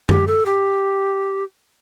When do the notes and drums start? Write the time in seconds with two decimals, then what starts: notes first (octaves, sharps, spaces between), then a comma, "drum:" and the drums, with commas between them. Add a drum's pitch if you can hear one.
0.09 G4, drum: tom F#2
0.27 A4
0.46 G4